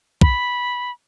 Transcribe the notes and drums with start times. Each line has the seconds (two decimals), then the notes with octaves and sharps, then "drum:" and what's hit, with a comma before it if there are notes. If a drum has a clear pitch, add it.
0.21 B5, drum: kick